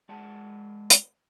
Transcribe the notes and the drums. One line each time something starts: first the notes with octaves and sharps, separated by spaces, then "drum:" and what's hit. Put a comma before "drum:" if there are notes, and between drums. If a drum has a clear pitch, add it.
G#3 D5 F#5 A5
drum: hi-hat